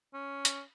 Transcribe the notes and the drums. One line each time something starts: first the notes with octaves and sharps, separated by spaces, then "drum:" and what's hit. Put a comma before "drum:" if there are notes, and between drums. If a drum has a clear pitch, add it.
C#4
drum: hi-hat